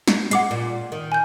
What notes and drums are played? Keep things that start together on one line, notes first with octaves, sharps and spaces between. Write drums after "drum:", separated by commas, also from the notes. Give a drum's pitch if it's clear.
drum: snare
G#3 F#5 D6 C7, drum: hi-hat
A#2
D#3
G#5 G6